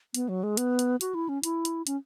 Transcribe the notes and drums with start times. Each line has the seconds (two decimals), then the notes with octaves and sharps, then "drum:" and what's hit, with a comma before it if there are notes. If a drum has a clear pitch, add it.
0.14 B3, drum: hi-hat
0.29 F#3
0.43 G#3
0.57 B3, drum: hi-hat
0.79 drum: hi-hat
1.01 F#4, drum: hi-hat
1.15 E4
1.29 C#4
1.43 E4, drum: hi-hat
1.65 drum: hi-hat
1.87 C#4, drum: hi-hat